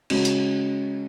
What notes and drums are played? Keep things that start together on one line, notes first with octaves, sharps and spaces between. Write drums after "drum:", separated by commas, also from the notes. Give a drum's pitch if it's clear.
C#3 G#3 C#4 F#4, drum: cymbal
drum: hi-hat